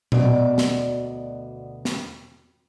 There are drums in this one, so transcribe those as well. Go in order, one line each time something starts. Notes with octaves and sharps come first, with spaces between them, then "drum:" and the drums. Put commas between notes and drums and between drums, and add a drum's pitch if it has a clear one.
D2 B2 D5, drum: tom A#2
drum: snare
drum: snare